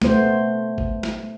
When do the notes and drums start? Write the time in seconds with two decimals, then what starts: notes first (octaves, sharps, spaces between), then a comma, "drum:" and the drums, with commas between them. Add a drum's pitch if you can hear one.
0.02 A3 B3 C5, drum: snare
0.78 drum: kick G#1
1.03 drum: snare